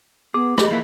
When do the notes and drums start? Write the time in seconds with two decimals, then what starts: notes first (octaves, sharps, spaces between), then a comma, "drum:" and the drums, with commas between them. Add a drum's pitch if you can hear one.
0.34 B3 G#4 D6
0.58 A3 G4 G#4 D#5, drum: rim click
0.70 F3 A#3 E4 E5